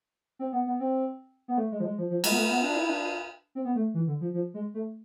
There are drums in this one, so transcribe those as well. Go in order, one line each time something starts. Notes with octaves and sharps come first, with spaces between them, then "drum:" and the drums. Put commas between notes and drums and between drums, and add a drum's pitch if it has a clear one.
C4
B3
B3
C4
B3
A3
G#3
F3
G#3
F3
F3
G#3, drum: cymbal
B3
A3
B3
D4
E4
D4
C4
B3
A3
E3
D3
F3
F3
G#3
A3